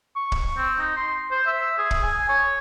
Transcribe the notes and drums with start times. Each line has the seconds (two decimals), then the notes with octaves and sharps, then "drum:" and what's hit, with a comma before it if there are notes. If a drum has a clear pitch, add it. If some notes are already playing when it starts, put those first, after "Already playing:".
0.16 C#6
0.32 drum: kick
0.57 C4
0.79 D#4
0.96 C6
1.31 C5
1.46 E5
1.78 G#4
1.91 drum: kick
2.03 G#5
2.29 C#5